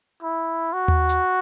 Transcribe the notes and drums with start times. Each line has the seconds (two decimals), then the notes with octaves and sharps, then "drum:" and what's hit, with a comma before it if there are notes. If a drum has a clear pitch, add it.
0.23 E4
0.73 F#4
0.88 drum: tom D#2
1.09 drum: hi-hat